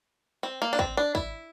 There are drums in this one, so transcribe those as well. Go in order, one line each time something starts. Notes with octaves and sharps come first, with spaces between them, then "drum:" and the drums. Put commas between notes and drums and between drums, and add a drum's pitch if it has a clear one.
C4
A#3
D4
C4, drum: kick
D4
E4, drum: kick